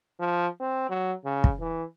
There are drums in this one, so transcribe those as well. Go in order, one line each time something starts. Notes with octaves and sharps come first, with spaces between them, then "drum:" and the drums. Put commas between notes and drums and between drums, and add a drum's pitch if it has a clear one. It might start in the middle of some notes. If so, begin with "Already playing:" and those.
F3
C4
F#3
C#3
drum: kick
E3